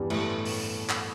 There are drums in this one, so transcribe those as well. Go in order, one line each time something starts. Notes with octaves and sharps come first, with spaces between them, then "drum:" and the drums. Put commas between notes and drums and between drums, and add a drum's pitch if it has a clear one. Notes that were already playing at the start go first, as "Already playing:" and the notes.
Already playing: E2 G2 E3 G3
A2 A3, drum: cymbal
drum: open hi-hat
drum: clap